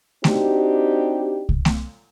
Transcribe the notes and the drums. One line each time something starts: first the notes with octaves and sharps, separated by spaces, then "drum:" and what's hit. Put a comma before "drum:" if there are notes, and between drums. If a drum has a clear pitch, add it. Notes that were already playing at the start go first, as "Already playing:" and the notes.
C4 D4 D#4 F#4 G4, drum: snare A3
drum: kick C2
drum: snare A3